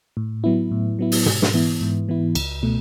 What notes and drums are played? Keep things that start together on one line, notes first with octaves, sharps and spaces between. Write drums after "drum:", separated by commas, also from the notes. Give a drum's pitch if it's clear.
A2
F#3 B3 E4
A2
F#3 B3 E4
drum: open hi-hat
G#2, drum: tom B2
drum: snare
E3 B3 E4
G#2
E3 B3 E4
C#2, drum: cymbal
B2 A3